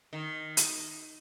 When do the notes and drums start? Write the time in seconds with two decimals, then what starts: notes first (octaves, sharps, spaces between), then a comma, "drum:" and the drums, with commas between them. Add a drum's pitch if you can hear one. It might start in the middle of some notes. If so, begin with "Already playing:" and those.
0.13 D#3
0.57 drum: hi-hat